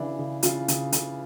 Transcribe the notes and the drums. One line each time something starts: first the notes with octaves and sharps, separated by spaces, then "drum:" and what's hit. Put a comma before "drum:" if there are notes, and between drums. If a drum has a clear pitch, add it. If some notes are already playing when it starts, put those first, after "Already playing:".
Already playing: C#3 E3 D4 E4
C#3
C#3 F4, drum: hi-hat
C#3, drum: hi-hat
C#3, drum: hi-hat